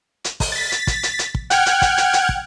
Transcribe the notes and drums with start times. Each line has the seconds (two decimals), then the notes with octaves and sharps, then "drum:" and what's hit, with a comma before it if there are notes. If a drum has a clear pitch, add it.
0.24 drum: hi-hat
0.40 drum: kick, open hi-hat
0.52 A6 B6
0.72 drum: hi-hat
0.87 drum: kick, hi-hat
1.03 drum: hi-hat
1.19 drum: hi-hat
1.35 drum: kick
1.50 F#5 G5 F6 F#6 G#6, drum: hi-hat
1.66 drum: hi-hat
1.82 drum: kick, hi-hat
1.97 drum: hi-hat
2.13 drum: hi-hat
2.29 drum: kick